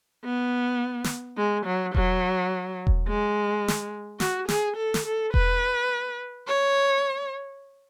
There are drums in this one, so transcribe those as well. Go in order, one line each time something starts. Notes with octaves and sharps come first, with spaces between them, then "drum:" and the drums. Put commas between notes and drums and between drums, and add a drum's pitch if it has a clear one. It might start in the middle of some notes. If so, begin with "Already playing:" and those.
B3
drum: snare
G#3
F#3
F#3, drum: kick E1
drum: kick E1
G#3
drum: snare
F#4, drum: snare
G#4, drum: snare
A4
drum: snare
A4
B4, drum: kick E1
C#5